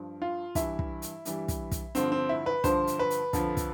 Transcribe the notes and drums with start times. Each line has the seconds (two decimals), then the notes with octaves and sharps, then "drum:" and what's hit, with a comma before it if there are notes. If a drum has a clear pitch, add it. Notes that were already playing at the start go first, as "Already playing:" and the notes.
Already playing: G2 F3
0.22 F4
0.55 G2 E3 G3 E4, drum: kick, hi-hat
0.79 drum: kick
1.02 drum: hi-hat
1.25 G2 E3 G3, drum: hi-hat
1.48 drum: kick, hi-hat
1.72 drum: kick, hi-hat
1.95 G2 D3 F3 C4, drum: hi-hat
2.12 C4
2.29 E4
2.46 B4
2.64 G2 D3 F3 C5, drum: kick, hi-hat
2.87 drum: hi-hat
2.99 B4
3.10 drum: hi-hat
3.33 F2 D3 F3, drum: kick, hi-hat
3.57 drum: kick, hi-hat